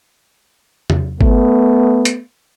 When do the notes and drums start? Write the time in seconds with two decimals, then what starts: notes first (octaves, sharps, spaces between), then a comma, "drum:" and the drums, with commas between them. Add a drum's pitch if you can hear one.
0.90 drum: tom
1.21 A3 B3, drum: kick G1
2.05 drum: hi-hat